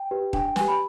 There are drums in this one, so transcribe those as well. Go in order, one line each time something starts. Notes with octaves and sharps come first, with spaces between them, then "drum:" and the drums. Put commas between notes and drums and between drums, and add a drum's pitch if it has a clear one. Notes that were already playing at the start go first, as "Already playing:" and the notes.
Already playing: G5
G4 B4
D4 G5, drum: kick D#1
G5
G4 B4 G#5, drum: snare
B5